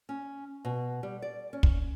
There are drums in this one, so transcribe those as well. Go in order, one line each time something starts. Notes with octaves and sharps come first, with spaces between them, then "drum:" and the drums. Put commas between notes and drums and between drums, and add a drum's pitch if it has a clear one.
C#4
B2
G3
D5
C#4
drum: kick